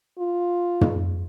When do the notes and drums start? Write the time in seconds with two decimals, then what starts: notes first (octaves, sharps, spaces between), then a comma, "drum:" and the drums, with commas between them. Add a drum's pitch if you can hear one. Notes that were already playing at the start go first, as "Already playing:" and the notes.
0.19 F4
0.81 drum: tom